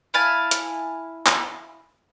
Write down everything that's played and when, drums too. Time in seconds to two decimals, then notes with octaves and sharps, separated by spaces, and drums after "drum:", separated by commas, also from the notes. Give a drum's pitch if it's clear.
0.14 E4 F5 G#5 A5
0.51 drum: hi-hat
1.26 drum: clap